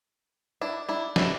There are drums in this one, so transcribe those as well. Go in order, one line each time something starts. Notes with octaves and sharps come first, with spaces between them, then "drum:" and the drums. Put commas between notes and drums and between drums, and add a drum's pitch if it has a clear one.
D4 E4
D4 E4
D4 E4, drum: snare